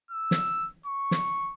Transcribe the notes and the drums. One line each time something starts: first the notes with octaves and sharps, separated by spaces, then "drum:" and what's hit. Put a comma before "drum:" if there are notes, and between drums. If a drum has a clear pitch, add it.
E6
drum: snare
C#6
drum: snare